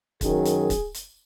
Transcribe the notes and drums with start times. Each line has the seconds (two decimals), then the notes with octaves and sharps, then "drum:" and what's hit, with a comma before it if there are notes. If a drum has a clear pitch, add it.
0.21 F#2 D#3 F#3 G#4, drum: kick, hi-hat
0.45 drum: hi-hat
0.70 drum: kick, hi-hat
0.94 drum: hi-hat